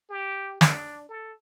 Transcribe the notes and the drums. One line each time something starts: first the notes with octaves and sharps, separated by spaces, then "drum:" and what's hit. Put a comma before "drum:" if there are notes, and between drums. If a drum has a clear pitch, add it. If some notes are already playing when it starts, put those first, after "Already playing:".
G4
D4, drum: snare
A4